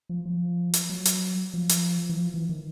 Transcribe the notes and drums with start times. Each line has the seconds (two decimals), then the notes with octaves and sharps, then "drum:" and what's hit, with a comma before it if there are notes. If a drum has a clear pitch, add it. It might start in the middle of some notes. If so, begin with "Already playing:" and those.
0.09 F3
0.26 F3
0.74 drum: hi-hat
0.90 F#3
1.05 drum: hi-hat
1.54 F3
1.69 drum: hi-hat
2.09 E3
2.18 F3
2.34 E3
2.49 D#3